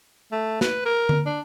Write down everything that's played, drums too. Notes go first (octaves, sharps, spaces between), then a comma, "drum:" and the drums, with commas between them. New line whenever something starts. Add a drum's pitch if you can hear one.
A3
B4, drum: snare
A#4
drum: tom D3
D4